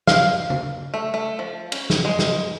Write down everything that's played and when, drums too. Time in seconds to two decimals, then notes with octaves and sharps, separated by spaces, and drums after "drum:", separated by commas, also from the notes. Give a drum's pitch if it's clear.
0.07 F5, drum: snare
0.50 drum: tom C#3
0.94 A3
1.14 A3
1.39 F3
1.72 C#4, drum: cymbal
1.90 drum: snare
2.05 G#3
2.19 drum: snare